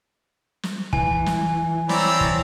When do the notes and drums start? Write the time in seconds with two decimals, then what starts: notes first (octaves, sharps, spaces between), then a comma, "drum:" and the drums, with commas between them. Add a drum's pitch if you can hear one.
0.63 drum: snare
0.93 E3 G#5, drum: kick
1.26 drum: snare
1.89 C4 C#5 D5 A#5 B5 E6, drum: snare
2.21 drum: kick